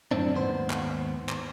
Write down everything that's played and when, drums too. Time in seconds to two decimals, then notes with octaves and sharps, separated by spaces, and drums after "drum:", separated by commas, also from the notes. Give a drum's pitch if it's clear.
0.11 F#2 A2 C4 D4
0.34 D#2 G#2 B3 C5
0.70 drum: clap
1.29 drum: clap